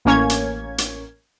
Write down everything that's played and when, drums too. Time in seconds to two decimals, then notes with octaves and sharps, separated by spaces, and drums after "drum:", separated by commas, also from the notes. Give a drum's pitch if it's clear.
0.05 A1 A#3 C#4 C#5 G#6
0.30 drum: hi-hat
0.78 drum: hi-hat